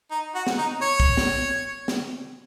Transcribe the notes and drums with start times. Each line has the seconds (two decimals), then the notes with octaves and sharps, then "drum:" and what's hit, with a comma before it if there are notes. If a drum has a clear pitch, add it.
0.11 D#4
0.35 F#4
0.47 drum: snare
0.59 D#4
0.82 C#5
1.00 drum: kick
1.17 drum: snare
1.88 drum: snare